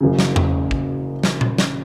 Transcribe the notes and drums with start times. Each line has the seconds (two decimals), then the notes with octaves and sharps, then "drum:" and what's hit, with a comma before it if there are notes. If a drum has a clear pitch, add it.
0.01 F#1 F#2 C#3
0.19 drum: snare
0.36 drum: tom E2
0.71 drum: kick
1.23 drum: snare
1.41 drum: tom A#2
1.58 drum: snare